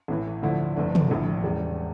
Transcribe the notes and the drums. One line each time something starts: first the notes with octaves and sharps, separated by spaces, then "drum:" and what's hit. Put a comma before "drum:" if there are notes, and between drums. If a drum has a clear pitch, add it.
A1 A2 E3
D2 D3 F3 A3 E4
G1 F2 D3 A3 D4
drum: tom
A#1 A2 G3
E1 E2 C#3 G3